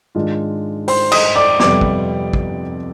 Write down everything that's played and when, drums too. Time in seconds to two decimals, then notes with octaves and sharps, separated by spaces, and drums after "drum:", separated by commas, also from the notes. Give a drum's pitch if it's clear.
0.15 G#2 D#3 G#3 D4 F4
0.88 C5 C6, drum: open hi-hat
1.12 D#5 D#6, drum: cymbal
1.36 D5 D6
1.60 F2 C3 G3 B3 D5 D6, drum: snare
1.81 drum: kick
2.33 drum: kick